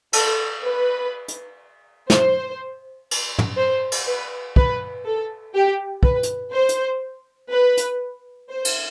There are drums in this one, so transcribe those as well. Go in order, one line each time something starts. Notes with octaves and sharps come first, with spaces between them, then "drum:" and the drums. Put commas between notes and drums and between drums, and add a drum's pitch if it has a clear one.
A4, drum: cymbal
B4
drum: hi-hat
C5, drum: snare
drum: cymbal
drum: tom
C5
drum: cymbal
B4
B4, drum: kick
A4
G4
B4, drum: kick
drum: hi-hat
C5
drum: hi-hat
B4
drum: hi-hat
C5
drum: cymbal